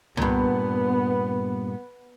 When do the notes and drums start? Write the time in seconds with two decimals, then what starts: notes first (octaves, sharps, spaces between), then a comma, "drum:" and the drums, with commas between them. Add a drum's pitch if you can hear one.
0.17 G2 A#2 B3, drum: tom C2